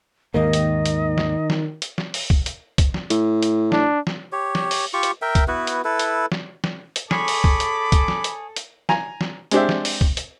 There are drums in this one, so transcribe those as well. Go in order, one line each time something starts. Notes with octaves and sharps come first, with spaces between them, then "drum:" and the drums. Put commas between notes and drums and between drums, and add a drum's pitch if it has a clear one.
D#2 G#2 D#3 A#3 D#5
drum: hi-hat
drum: hi-hat
drum: snare
drum: snare
drum: hi-hat
drum: snare
drum: open hi-hat
drum: kick C2
drum: hi-hat
drum: kick C2, hi-hat
drum: snare
A2, drum: hi-hat
drum: hi-hat
D4, drum: snare
drum: snare
G4 C#5
drum: snare
drum: open hi-hat
F4 G4 C#6
drum: hi-hat
A#4 E5 G5
drum: kick C2, hi-hat
B3 E4 F#4 B4
drum: hi-hat
E4 A4 B4
drum: hi-hat
drum: snare
drum: snare
drum: hi-hat
G#4 A4 C#5 B5 D6, drum: snare
drum: open hi-hat
drum: kick C2
drum: hi-hat
drum: kick C2, hi-hat
drum: snare
drum: hi-hat
drum: hi-hat
G#5 A#5, drum: snare
drum: snare
G#3 C4 D4 G4 C5 E5, drum: hi-hat
drum: snare
drum: open hi-hat
drum: kick C2
drum: hi-hat